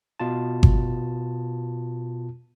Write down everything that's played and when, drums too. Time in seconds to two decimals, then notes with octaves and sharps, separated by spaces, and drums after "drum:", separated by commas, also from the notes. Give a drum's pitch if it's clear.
0.19 B2 F4 A5
0.63 drum: kick G1